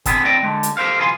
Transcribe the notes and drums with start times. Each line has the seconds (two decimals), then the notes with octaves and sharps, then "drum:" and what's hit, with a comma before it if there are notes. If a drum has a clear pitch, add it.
0.06 D3 B3 C4 G#4, drum: kick, hi-hat
0.25 C4 E4 D5 D#5 G5
0.43 D3 G#3
0.63 drum: hi-hat
0.77 G4 A4 A#4 C5 F5
0.98 B1 E3 F4 G#4 F5 C6